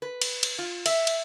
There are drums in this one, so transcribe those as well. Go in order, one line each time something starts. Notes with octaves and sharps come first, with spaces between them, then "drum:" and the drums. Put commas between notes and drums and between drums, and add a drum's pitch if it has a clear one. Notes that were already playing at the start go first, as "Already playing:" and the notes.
B4
drum: cymbal
drum: cymbal
F4
E5, drum: cymbal
drum: cymbal